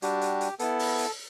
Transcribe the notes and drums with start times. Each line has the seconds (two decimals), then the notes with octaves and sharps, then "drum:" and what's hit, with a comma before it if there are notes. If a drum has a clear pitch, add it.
0.02 G3 D4 F#4 G4, drum: hi-hat
0.21 drum: hi-hat
0.41 drum: hi-hat
0.59 B3 E4 A4, drum: hi-hat
0.79 drum: open hi-hat
0.99 drum: hi-hat